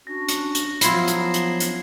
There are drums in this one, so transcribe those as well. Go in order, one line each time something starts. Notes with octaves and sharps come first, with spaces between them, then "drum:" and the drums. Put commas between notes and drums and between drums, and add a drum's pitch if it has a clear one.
C#4 D4 F#4 A#6
drum: hi-hat
drum: hi-hat
F3 F#3 B3 E4 F4 G#6 C7 E7, drum: hi-hat
drum: hi-hat
drum: hi-hat
drum: hi-hat